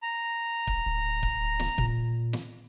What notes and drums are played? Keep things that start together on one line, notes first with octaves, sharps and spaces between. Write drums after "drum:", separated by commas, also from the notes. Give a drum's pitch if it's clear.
A#5
drum: kick C#1
D1
drum: kick C#1
drum: snare
A#2, drum: kick C#1
drum: snare